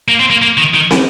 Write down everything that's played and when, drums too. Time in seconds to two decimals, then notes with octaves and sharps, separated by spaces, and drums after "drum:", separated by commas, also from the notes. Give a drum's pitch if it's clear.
0.08 A#3
0.20 C4
0.30 A#3
0.42 A#3
0.57 D#3
0.74 D#3
0.91 drum: snare